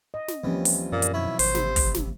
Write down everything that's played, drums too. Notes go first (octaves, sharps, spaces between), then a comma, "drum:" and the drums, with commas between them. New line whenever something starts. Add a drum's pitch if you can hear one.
D#5
drum: snare
D#2 E3 F3 G3 C4 C#4
drum: open hi-hat
F#2 A#2
drum: hi-hat
B1 D#3 E4 C#5
G#1 C5, drum: open hi-hat
A1 C3 B5, drum: snare
drum: kick, open hi-hat
drum: snare